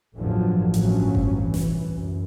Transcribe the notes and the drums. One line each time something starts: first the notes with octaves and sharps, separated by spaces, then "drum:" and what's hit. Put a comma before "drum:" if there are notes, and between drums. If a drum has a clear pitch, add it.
A1 E2 G2 D3 F3 F#3
G1 A2 F3 F#3 C#4, drum: hi-hat
drum: kick F#1
C2 E3
drum: snare G1
F#2